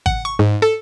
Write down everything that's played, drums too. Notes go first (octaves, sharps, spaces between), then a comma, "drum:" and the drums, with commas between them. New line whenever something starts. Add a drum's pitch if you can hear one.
F#5, drum: kick G#1
C#6
G#2
A4